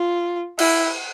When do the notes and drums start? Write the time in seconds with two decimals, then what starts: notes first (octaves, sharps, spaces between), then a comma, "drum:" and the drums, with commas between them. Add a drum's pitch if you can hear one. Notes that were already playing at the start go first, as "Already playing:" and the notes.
Already playing: F4
0.59 E4, drum: cymbal